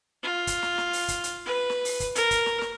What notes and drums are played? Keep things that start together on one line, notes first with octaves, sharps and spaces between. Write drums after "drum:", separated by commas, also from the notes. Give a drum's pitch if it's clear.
F4
drum: kick, hi-hat
drum: snare
drum: snare
drum: open hi-hat
drum: kick, hi-hat
drum: hi-hat
B4
drum: snare
drum: open hi-hat
drum: kick, hi-hat
A#4, drum: hi-hat
drum: kick, hi-hat
drum: snare
drum: snare